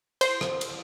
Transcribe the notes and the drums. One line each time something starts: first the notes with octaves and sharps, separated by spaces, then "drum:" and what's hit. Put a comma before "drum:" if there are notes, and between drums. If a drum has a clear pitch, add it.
C5, drum: cymbal
drum: rim click
drum: cymbal